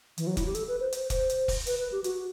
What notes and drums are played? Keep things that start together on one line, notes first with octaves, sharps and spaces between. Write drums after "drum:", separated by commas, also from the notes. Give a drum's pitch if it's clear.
E3, drum: hi-hat
F#3
E4, drum: kick, hi-hat
G4
A4, drum: hi-hat
B4
C5
C5, drum: hi-hat
C5, drum: kick, hi-hat
drum: hi-hat
drum: kick, open hi-hat
B4, drum: hi-hat
B4
G4
F#4, drum: hi-hat